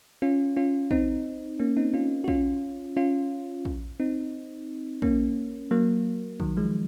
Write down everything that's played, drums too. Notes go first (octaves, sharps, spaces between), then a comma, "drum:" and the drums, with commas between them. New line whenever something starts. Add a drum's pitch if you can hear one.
C#4 F4
C#4 F4
C4 D#4, drum: kick
A#3 C#4
C4 D#4
C#4 F4
F#4
C#4 F4, drum: kick
C#4 F4
drum: kick
C4 D#4
A#3 C#4, drum: kick
F#3 A#3
D#3 F#3, drum: kick
F3 G#3